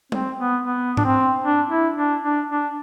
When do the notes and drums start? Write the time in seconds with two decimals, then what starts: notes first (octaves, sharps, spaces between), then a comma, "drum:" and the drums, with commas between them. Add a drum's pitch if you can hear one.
0.12 C4, drum: tom G3
0.38 B3
0.64 B3
0.97 D4, drum: tom G#2
1.04 C4
1.43 D4
1.69 E4
1.96 D4
2.22 D4
2.49 D4